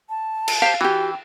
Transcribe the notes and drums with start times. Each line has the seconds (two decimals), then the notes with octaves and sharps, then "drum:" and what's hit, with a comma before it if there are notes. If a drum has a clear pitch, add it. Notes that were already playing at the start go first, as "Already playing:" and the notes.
0.09 A5
0.48 drum: cymbal
0.62 G4 C5 F5
0.81 E3 F#4 G4 G5